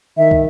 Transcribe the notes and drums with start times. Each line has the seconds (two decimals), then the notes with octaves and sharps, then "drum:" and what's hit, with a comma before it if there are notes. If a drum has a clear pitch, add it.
0.18 D#3 E5
0.31 drum: kick